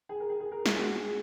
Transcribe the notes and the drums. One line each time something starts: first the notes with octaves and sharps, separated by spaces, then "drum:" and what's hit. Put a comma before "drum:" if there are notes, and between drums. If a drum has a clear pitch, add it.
G#4
A#4
G#4
G#4
A#4
G#4, drum: snare
F#4
G#4